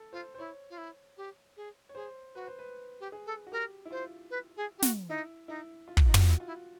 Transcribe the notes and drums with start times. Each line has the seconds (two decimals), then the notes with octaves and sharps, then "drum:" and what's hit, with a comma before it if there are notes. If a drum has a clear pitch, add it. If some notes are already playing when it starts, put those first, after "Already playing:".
Already playing: A4
0.12 F4 C5
0.35 C5
0.38 E4 C#5
0.70 F4
0.77 E4
1.17 G4
1.56 G#4
1.89 C#5
1.95 G#4 C5
2.35 F#4 B4
2.47 C5
2.59 B4
3.00 G4
3.12 G#4
3.26 A4
3.47 F#4
3.52 G4 A#4
3.85 E4
3.91 F4 C5
4.30 B4
4.56 G#4
4.78 G4
4.83 F#4, drum: snare
5.09 D#4 E4
5.48 D#4 E4
5.88 F4
5.97 drum: kick
6.06 D#4 F4
6.14 F#4, drum: tom
6.26 E4
6.40 F4
6.46 E4